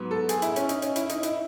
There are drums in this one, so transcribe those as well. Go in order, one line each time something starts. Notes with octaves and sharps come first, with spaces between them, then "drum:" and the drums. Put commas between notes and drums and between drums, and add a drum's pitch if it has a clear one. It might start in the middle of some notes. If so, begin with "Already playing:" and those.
Already playing: G#2 F#3 B3
A4
G#4, drum: hi-hat
E4, drum: hi-hat
C#4, drum: hi-hat
D#4, drum: hi-hat
C#4, drum: hi-hat
E4, drum: hi-hat
D#4, drum: hi-hat
E4, drum: hi-hat